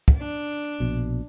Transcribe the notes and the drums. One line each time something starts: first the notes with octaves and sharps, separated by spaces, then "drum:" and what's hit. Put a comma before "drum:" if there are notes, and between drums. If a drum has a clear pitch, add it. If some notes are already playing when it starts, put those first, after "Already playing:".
drum: kick
D4
A#1 B2